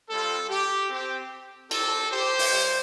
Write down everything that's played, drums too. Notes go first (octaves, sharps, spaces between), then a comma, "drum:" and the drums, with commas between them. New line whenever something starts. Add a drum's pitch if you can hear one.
G3 C4 F4 A4
G4
C4 G4
C4 G4 A4, drum: cymbal
G4 C5
drum: open hi-hat
G3